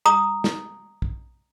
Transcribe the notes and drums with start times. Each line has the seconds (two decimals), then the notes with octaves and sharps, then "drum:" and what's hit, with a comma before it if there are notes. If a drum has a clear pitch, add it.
0.06 A#5 D#6
0.44 drum: snare
1.02 drum: kick